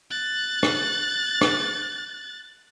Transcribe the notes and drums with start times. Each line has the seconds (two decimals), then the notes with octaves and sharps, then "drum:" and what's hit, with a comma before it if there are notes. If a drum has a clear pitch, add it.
0.10 F#6 A6
0.63 drum: rim click
1.41 drum: rim click